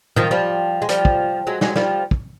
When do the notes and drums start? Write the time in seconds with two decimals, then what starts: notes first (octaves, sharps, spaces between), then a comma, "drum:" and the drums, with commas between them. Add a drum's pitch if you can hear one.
0.16 D#3 F3, drum: tom A2
0.31 F3 G3
0.82 G#3
0.89 F3 G3, drum: hi-hat
1.05 drum: kick
1.47 F#3 G#3
1.61 F#3 G#3, drum: snare
1.76 F3 G3, drum: snare
2.11 drum: kick